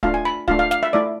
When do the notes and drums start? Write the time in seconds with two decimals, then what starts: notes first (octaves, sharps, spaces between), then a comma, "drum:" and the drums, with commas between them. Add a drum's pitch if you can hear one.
0.03 A3 D4 F4 F5, drum: kick
0.14 G#5
0.25 B5
0.48 A3 D4 F4 F5, drum: kick
0.59 F5
0.71 F5, drum: snare
0.83 E5
0.93 A3 E4 D5